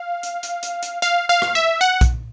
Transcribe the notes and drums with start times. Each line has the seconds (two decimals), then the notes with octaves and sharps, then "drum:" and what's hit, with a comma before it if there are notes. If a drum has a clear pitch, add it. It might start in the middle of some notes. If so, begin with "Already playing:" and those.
Already playing: F5
0.23 drum: hi-hat
0.43 drum: hi-hat
0.63 drum: hi-hat
0.83 drum: hi-hat
1.02 F5, drum: hi-hat
1.29 F5
1.42 drum: rim click
1.55 E5
1.81 F#5, drum: hi-hat
2.01 drum: kick B1, hi-hat